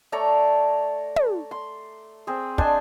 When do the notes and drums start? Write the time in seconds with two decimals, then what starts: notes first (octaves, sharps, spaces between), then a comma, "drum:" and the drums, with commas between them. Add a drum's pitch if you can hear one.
0.12 A3 C#5 D5 A#5
1.16 drum: tom
1.51 C6
2.27 C4 G#4
2.58 D4 C5 D#5 G#5, drum: kick